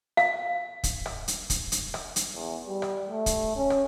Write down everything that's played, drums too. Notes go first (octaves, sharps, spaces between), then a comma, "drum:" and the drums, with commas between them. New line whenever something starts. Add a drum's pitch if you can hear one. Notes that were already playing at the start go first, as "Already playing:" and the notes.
F5, drum: rim click
drum: kick, hi-hat
drum: rim click
drum: hi-hat
drum: kick, hi-hat
drum: hi-hat
drum: rim click
drum: hi-hat
E2
G3
drum: rim click
A3
drum: kick, hi-hat
C#4
drum: rim click